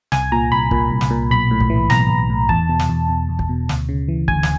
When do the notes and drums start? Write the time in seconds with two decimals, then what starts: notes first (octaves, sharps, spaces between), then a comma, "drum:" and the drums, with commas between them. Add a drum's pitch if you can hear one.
0.12 C2 G#5, drum: snare
0.32 A#2 A#5
0.52 C2 B5
0.71 A#2, drum: kick
0.91 C2
1.01 drum: snare
1.10 A#2
1.31 B1 B5
1.51 A2
1.60 drum: kick
1.70 E3
1.90 B1 A#5, drum: snare
2.10 B1
2.30 A2
2.49 E2 A5, drum: kick
2.69 B2
2.79 drum: snare
2.90 E2
3.09 B2
3.29 E2
3.39 drum: kick
3.49 B2
3.69 D2, drum: snare
3.89 C#3
4.08 E3
4.28 D2 G#5, drum: kick
4.43 drum: snare